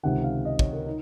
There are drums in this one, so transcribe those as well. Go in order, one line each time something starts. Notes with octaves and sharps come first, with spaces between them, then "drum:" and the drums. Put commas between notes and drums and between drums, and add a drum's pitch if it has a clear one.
C#2 C3 D#3 F#5
F5
D#5
C#5, drum: kick
A#4
D#4